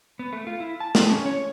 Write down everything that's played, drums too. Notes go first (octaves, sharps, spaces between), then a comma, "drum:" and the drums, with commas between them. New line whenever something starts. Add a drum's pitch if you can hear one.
B3
A3
F4
E4
A5
C4, drum: snare
C#4
C#5